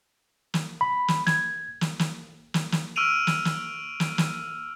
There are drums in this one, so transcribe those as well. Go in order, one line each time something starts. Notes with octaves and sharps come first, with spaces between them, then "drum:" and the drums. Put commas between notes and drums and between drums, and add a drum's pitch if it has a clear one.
drum: snare
B5
drum: snare
G#6, drum: snare
drum: snare
drum: snare
drum: snare
drum: snare
C#6 E6 F6 D7 D#7 F7
drum: snare
drum: snare
drum: snare
drum: snare